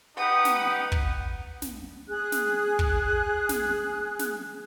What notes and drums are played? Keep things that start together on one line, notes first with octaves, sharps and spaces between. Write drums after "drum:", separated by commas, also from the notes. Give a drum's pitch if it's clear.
D#4 G4 B4 F#5 D#6
drum: snare
drum: kick
drum: snare
G#4 F#6
drum: snare
drum: kick
drum: snare
drum: snare